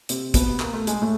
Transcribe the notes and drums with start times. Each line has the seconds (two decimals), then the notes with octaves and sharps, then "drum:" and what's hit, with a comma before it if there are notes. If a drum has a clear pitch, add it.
0.09 C3 C4, drum: hi-hat
0.34 B2 B3, drum: kick, hi-hat
0.60 A#3, drum: clap
0.74 A3
0.87 G#3, drum: hi-hat
1.02 A2 A3